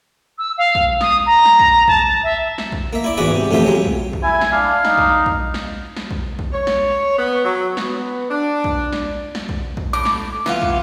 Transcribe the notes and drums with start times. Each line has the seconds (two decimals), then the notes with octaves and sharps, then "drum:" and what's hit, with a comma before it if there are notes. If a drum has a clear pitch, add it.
0.38 E6
0.58 F5
0.75 drum: kick
1.01 D#6, drum: snare
1.26 A#5
1.45 drum: snare
1.60 drum: kick
1.88 A5, drum: kick
2.24 E5
2.58 drum: snare
2.72 drum: kick
2.93 A#3 E5
3.04 E4 D5
3.17 E2 G#2 G#3 F#4 D5 E5
3.34 C3
3.51 A1 F2 C3 F4 C5 E5
3.63 C3 F#3 G#3
3.85 drum: kick
4.13 drum: kick
4.23 E4 G#5
4.41 drum: snare
4.52 D4 F5
4.85 D#4, drum: snare
4.98 drum: kick
5.26 drum: kick
5.54 drum: snare
5.97 drum: snare
6.11 drum: kick
6.39 drum: kick
6.53 C#5
6.67 drum: snare
7.17 B3
7.43 F#3
7.77 B3, drum: snare
8.30 D4
8.64 drum: kick
8.93 drum: snare
9.35 drum: snare
9.49 drum: kick
9.77 drum: kick
9.93 A2 D6
10.05 drum: snare
10.46 E3 B3 F4, drum: snare
10.62 drum: kick